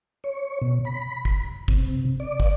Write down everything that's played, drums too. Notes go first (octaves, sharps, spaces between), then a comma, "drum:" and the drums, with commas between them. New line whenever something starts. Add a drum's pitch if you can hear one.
C#5
B2
B5
drum: kick
C3, drum: kick
D5
drum: kick